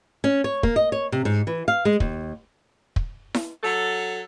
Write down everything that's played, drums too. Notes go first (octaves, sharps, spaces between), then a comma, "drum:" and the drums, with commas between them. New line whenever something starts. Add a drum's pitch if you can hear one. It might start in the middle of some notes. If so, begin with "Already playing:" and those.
C#4
C#5
A#3, drum: kick
D#5
C#5
C3
G#2
E3
F5
G#3
D#2, drum: kick
drum: kick
drum: snare E4
F#3 A4